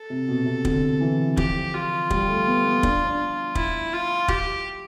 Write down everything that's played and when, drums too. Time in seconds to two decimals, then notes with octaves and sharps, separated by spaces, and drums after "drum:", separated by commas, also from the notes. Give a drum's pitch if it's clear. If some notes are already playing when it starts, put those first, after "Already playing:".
Already playing: A4
0.10 C3
0.28 B2
0.40 B2
0.46 C3
0.65 D3, drum: kick
1.00 E3
1.37 F3 G4, drum: kick
1.74 F4
2.10 G3, drum: kick
2.28 A3
2.47 B3
2.64 B3
2.83 D4, drum: kick
3.05 D4
3.55 E4, drum: kick
3.93 F4
4.28 G4, drum: kick